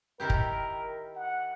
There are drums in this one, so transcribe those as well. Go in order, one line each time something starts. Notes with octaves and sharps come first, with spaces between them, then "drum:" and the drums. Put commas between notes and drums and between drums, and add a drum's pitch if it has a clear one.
D#3 E4 G4 A#4
drum: kick
F#5